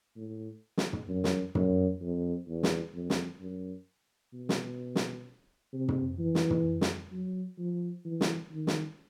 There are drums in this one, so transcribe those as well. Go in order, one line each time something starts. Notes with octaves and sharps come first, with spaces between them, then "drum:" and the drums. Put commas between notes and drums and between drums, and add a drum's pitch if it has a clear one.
A2
drum: snare
drum: tom
F#2
drum: snare
F#2, drum: tom
F2
E2
drum: snare
F2
drum: snare
F#2
B2
drum: snare
drum: snare
C3
drum: tom
E3
drum: snare
drum: tom
drum: snare
F#3
F3
E3
drum: snare
D#3
drum: snare